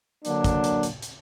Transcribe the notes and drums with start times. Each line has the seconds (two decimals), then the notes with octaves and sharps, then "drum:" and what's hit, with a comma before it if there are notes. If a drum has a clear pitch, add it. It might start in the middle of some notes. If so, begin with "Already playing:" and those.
0.25 D3 F#3 A#3 D4, drum: hi-hat
0.44 drum: kick, hi-hat
0.64 drum: hi-hat
0.83 drum: hi-hat
1.02 drum: hi-hat